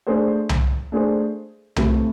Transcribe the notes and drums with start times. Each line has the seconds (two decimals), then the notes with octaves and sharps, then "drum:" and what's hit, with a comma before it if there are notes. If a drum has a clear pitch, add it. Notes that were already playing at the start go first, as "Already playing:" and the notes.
0.07 A3 D4 G#4 C5
0.49 drum: tom C2
0.92 A3 D4 G#4 C5
1.76 C3 E3 A3, drum: tom C2